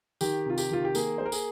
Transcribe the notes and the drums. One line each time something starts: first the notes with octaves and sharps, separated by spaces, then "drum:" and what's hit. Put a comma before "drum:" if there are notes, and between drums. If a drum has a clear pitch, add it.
D#3 G4, drum: tambourine
C3 F4
G4, drum: tambourine
D#3 F4
G4
A#3 G#4, drum: tambourine
A#3 C5
A#4
G#4, drum: tambourine